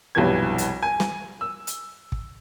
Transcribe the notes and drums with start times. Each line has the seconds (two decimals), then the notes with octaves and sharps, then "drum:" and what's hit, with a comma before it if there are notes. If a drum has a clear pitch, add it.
0.15 F1 B1 G2 E3 G#6
0.58 drum: hi-hat
0.83 G#5
1.00 drum: snare
1.41 E6
1.67 drum: hi-hat
2.12 drum: kick